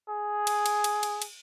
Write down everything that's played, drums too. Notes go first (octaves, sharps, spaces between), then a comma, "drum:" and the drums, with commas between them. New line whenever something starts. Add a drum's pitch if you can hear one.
G#4
drum: cymbal
drum: cymbal
drum: cymbal
drum: cymbal
drum: cymbal